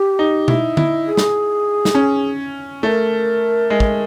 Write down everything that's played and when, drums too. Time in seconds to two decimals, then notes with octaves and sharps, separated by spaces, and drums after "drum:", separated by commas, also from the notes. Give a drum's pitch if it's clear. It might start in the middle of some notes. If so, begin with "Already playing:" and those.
Already playing: G4
0.19 D#4
0.48 E4, drum: tom B2
0.77 E4, drum: tom
1.07 G#4
1.17 drum: snare
1.85 drum: snare
1.95 C#4
2.83 A3 A#4
3.70 G#3
3.80 drum: kick